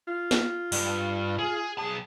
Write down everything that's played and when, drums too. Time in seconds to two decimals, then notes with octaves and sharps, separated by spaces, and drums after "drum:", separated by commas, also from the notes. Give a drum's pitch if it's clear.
0.07 F4
0.31 drum: snare
0.72 G2, drum: open hi-hat
1.39 G#4
1.78 B1 G#4 A5